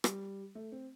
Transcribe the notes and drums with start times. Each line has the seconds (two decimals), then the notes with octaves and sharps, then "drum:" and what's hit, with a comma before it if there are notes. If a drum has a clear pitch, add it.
0.04 G3, drum: rim click
0.55 A3
0.72 C4